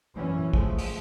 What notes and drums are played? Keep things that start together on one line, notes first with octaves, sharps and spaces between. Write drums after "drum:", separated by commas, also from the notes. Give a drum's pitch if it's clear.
A#1 F#2 E3 C#4
F3 G#3 A3, drum: kick
drum: open hi-hat